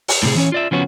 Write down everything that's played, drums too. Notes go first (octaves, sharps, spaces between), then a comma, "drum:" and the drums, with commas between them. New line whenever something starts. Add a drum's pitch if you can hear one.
drum: open hi-hat
A2 C3 G#4
E3 C#4 C#5
F4 D5 E5
C#3 F3 B3 C#4 F#4